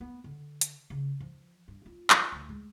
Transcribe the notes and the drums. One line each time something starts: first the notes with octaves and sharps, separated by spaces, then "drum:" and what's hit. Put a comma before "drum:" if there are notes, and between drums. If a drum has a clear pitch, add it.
B3
D3
drum: hi-hat
C#3
F3
G2
F4
drum: clap
D2
G#3